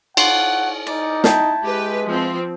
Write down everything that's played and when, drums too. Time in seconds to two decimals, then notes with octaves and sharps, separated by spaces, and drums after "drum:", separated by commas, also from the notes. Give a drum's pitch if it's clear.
0.17 F4 C#5 F#5, drum: cymbal
0.87 D#4 D5
1.24 E4 G5 A5, drum: snare
1.63 G#3 G4 B4
2.06 F3 C4